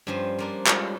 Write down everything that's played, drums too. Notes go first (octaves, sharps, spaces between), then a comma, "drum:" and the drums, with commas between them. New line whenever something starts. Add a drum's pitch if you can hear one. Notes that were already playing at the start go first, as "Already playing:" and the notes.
G2 F3 G3 C#4 C5
F3 A#3 D4
G3 G#3 C#4 D#4 F4 A4, drum: clap